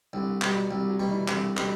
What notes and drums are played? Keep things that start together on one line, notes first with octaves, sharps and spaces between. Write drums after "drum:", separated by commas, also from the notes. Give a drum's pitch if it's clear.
C2 D3
B2 G3, drum: clap
F#3
C2 G3
F#3
B2 G3
E3
C2 D3, drum: clap
B2 D3 G3, drum: clap